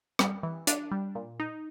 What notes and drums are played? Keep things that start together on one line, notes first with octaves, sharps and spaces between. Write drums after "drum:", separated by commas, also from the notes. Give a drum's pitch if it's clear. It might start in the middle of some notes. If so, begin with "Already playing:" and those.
G3, drum: rim click
E3
D4, drum: hi-hat
G3
A#2
D#4